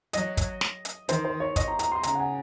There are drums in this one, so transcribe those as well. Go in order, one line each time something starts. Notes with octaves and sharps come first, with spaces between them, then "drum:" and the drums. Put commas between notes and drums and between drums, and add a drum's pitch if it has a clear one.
F#3 D#5, drum: hi-hat
drum: kick, hi-hat
drum: snare
drum: hi-hat
D#3 C5, drum: hi-hat
C5
C#5
D#5, drum: kick, hi-hat
A#5
A#5, drum: hi-hat
C6
C#3 A#5, drum: hi-hat
F#5
G#5